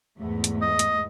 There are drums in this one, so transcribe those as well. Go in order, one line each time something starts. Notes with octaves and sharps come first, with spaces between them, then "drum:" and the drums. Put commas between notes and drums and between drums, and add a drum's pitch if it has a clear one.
E2 G#2 A3
drum: hi-hat
D#5
drum: hi-hat